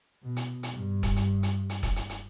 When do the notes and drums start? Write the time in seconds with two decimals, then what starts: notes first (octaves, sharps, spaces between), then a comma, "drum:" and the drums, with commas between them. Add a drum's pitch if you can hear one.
0.23 B2
0.36 drum: hi-hat
0.63 drum: hi-hat
0.72 G2
1.03 drum: kick, hi-hat
1.16 drum: hi-hat
1.43 drum: hi-hat
1.70 drum: hi-hat
1.83 drum: kick, hi-hat
1.96 drum: hi-hat
2.09 drum: hi-hat